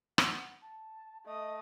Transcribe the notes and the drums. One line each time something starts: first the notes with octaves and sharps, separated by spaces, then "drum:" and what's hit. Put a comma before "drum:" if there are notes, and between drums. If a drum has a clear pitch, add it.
F#5, drum: rim click
A5
A3 D#5 D#6